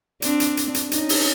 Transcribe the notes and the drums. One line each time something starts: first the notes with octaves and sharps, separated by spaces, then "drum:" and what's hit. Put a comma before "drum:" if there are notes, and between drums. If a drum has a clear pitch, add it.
C4 D4, drum: hi-hat
drum: hi-hat
drum: hi-hat
drum: hi-hat
C#4 D#4, drum: hi-hat
drum: open hi-hat